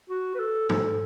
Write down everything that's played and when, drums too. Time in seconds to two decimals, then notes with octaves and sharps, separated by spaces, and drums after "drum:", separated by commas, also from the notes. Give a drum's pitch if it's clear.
0.10 F#4
0.35 B4
0.39 A4
0.69 A4, drum: tom